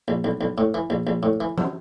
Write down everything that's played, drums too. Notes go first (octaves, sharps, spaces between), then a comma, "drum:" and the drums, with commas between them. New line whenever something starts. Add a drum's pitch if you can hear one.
A#1
B1
B1
A2
E3
A#1
A#1
A2
E3
drum: tom E3